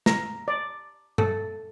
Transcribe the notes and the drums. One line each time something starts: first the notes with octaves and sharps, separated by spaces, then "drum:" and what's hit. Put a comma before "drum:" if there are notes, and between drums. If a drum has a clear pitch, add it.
A#5, drum: snare
D5
A4, drum: tom G2